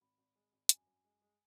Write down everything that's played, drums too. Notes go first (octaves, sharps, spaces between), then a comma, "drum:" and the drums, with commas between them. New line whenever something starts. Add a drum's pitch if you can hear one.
G#1 B5
G#1
G#3
G#1
F#2 G#5, drum: hi-hat
F#2
G#3
G#3